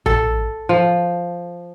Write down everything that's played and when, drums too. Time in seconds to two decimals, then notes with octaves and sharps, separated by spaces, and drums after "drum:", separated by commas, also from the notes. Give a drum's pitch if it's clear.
0.06 A4, drum: tom A#1
0.69 F3